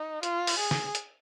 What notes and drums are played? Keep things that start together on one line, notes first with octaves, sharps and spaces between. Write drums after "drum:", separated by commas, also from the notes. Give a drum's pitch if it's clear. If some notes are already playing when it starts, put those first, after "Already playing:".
Already playing: D#4
F4, drum: hi-hat
drum: open hi-hat
G#4
drum: snare
drum: hi-hat